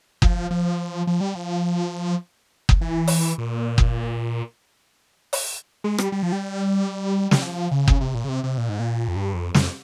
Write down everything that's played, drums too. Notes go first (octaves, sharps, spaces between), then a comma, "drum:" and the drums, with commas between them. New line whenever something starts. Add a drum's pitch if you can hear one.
F3, drum: kick F#1
F3
F3
G3
F3
drum: kick F#1
E3
drum: open hi-hat
A#2
drum: kick F#1
drum: open hi-hat
G#3
G3, drum: rim click
G3
F3
G3
G3, drum: snare
F3
C#3
drum: kick F#1
C3
A#2
C#3
C3
C3
A#2
G#2
A#2
F2
G2
F2
F2, drum: snare